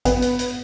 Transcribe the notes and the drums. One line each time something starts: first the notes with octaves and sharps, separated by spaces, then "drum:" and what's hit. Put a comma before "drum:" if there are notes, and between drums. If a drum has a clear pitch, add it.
B3, drum: kick G#1, hi-hat
drum: hi-hat
drum: hi-hat